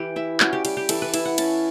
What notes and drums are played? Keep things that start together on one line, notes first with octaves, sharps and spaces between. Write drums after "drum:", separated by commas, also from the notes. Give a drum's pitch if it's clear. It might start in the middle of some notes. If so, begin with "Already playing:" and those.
Already playing: E3 G4
E4 E5
C#4 F#4, drum: clap
G4
G3 G4, drum: cymbal
G4
E3 A4, drum: cymbal
B4
E4 E5, drum: cymbal
F#5
C#4 A5, drum: cymbal